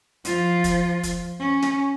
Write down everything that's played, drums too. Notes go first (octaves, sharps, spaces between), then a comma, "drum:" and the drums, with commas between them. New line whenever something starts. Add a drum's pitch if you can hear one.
F3 F4, drum: hi-hat
drum: kick, hi-hat
drum: kick, hi-hat
C#4
drum: snare